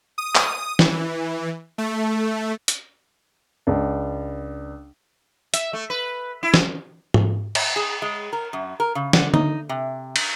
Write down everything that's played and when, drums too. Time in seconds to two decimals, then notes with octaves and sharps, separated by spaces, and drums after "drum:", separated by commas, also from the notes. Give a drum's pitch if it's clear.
0.18 D#6
0.36 drum: clap
0.79 E3, drum: snare
1.78 A3
2.68 drum: hi-hat
3.67 C#2 D4
5.54 E5, drum: hi-hat
5.73 A3
5.90 B4
6.43 E4
6.54 drum: snare
7.14 drum: tom G#2
7.55 drum: cymbal
7.76 G#4
8.02 G#3
8.33 A#4
8.53 F#2
8.80 A#4
8.95 C#3
9.13 D3, drum: snare
9.34 D#4, drum: tom D3
9.69 C3
10.16 drum: cymbal